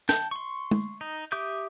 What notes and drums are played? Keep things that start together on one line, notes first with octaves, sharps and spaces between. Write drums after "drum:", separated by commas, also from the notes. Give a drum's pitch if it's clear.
G5 A5 G6, drum: snare
C6 C#6
drum: tom G#3
D#4
G4 E5 D6 D#6 G6